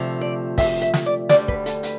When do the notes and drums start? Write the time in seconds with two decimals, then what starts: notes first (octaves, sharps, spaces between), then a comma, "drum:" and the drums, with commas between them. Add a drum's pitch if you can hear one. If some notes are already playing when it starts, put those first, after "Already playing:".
Already playing: D2 C3 F3 A3
0.21 D5
0.58 E5, drum: kick, open hi-hat
0.82 E5
0.94 drum: snare
1.06 D5
1.29 D2 D3 G3 D5, drum: snare
1.48 B4, drum: kick
1.66 A4, drum: hi-hat
1.83 B4, drum: hi-hat